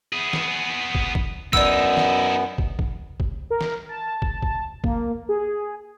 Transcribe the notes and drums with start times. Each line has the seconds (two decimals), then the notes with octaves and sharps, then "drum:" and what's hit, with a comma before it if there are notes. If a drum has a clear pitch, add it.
0.13 B3 G#4
0.33 drum: snare
0.95 drum: kick
1.15 drum: kick
1.53 F#2 B3 D#4 E4 D5 E6, drum: kick
1.97 drum: snare
2.58 drum: kick
2.79 drum: kick
3.20 drum: kick
3.50 A#4
3.61 drum: snare
3.89 A5
4.22 drum: kick
4.42 drum: kick
4.84 A#3, drum: kick
5.29 G#4